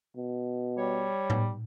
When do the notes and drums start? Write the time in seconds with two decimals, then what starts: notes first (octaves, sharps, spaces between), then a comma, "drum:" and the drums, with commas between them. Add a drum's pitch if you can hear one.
0.17 B2
0.77 G3 C#5
1.30 drum: tom A2